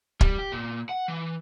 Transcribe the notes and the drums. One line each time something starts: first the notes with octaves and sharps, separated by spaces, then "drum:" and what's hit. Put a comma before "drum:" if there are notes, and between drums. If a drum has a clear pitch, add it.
G3, drum: kick
G4
A#2
F#5
E3